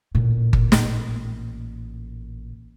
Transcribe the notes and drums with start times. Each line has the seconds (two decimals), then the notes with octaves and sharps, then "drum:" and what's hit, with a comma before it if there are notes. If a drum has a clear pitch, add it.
0.15 A1 A#2
0.53 drum: kick G1
0.72 drum: snare